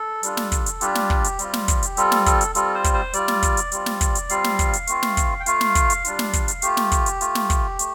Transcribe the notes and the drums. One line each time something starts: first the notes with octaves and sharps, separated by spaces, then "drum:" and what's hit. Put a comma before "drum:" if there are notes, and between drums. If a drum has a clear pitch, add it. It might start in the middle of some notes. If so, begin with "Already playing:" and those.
Already playing: A4
G3 D4 F4, drum: hi-hat
drum: snare
drum: kick, hi-hat
drum: hi-hat
G3 D4 F4 G4, drum: hi-hat
drum: snare
drum: kick
drum: hi-hat
G3 C4 F4, drum: hi-hat
drum: snare
drum: kick, hi-hat
drum: hi-hat
G3 C4 F4 A4, drum: hi-hat
drum: snare
A4, drum: kick, hi-hat
drum: hi-hat
G3 C4 F4 A4, drum: hi-hat
C5
drum: kick, hi-hat
C5
G3 F4 D5, drum: hi-hat
drum: snare
drum: kick, hi-hat
drum: hi-hat
G3 C4 F4, drum: hi-hat
drum: snare
drum: kick, hi-hat
drum: hi-hat
G3 C4 F4 F5, drum: hi-hat
drum: snare
drum: kick, hi-hat
drum: hi-hat
A3 C4 F4, drum: hi-hat
drum: snare
drum: kick, hi-hat
G5
A3 F4 F5, drum: hi-hat
drum: snare
drum: kick, hi-hat
drum: hi-hat
G3 D4 F4, drum: hi-hat
drum: snare
drum: kick, hi-hat
drum: hi-hat
A3 F4 G4, drum: hi-hat
drum: snare
drum: kick, hi-hat
drum: hi-hat
A3 F4, drum: hi-hat
drum: snare
drum: kick, hi-hat
A3, drum: hi-hat